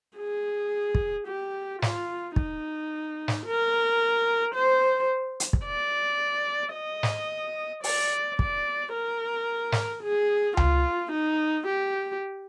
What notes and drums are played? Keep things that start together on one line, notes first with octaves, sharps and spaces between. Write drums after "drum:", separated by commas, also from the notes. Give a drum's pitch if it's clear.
G#4
drum: kick
G4
F4, drum: snare
D#4, drum: kick
drum: snare
A#4
C5
drum: hi-hat
drum: kick
D5
D#5
drum: snare
D5, drum: open hi-hat
D5, drum: kick
A#4
drum: snare
G#4
F4, drum: tom C#2
D#4
G4